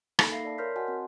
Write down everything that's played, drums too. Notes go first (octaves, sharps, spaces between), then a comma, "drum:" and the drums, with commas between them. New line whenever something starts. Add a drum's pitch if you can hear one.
A#3 D#4 A4 B5, drum: rim click
E5 F5 B5 A#6 C7
D5 A5
A#4 C#5 C6 F6 G6 B6
F#4 D#5 F#5 G#5 A5 C6
C4 F#4 G#5 A5